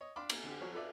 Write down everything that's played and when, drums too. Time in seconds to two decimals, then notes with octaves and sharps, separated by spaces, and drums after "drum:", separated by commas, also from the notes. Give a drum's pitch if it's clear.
0.01 C#5 D#5
0.16 D4 F5 B5 C6 D6
0.30 A#3, drum: cymbal
0.44 D3 G4
0.60 F3 F#3 C#5
0.73 F4 A4 B4 D5 E5